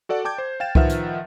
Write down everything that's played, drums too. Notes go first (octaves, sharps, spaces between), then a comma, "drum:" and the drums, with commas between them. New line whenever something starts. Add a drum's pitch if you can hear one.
F#4 A4 D5 F#5
G5 A5 D6 G6 G#6
C5
F5 G5 A6 E7
D#3 F3 B4 E5 F#5 F6, drum: kick C2
drum: hi-hat